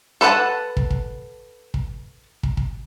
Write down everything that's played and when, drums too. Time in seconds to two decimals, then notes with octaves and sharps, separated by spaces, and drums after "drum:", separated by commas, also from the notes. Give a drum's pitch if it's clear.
0.21 A4 B4 D5 F#5 A5
0.77 drum: kick
0.90 drum: kick
1.74 drum: kick
2.43 drum: kick
2.57 drum: kick